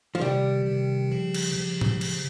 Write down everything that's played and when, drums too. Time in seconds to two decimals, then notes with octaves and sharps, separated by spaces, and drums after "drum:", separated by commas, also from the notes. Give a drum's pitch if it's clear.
0.15 F3
0.21 C3 D#3 G3
0.66 C3 D#3
1.11 C#3 F3
1.34 drum: cymbal
1.56 C#3 F3
1.81 drum: tom A2
2.01 C#3 F3, drum: cymbal